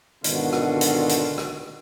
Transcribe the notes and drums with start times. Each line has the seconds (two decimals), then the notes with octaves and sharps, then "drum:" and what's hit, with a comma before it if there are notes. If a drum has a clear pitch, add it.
0.24 G#1 B2 D3 D#3 F4 F#4, drum: hi-hat
0.53 drum: rim click
0.81 drum: hi-hat
1.09 drum: hi-hat
1.38 drum: rim click